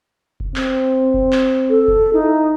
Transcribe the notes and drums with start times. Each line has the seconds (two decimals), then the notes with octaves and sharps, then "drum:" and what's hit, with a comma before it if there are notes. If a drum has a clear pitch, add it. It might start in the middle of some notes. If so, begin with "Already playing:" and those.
0.40 drum: kick F1
0.56 C4, drum: clap
1.14 drum: kick F1
1.32 drum: clap
1.69 A4
1.88 drum: kick F1
2.13 D#4 E4